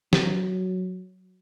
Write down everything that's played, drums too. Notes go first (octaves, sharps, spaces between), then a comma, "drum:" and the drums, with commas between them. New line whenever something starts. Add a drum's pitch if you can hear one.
F#3, drum: snare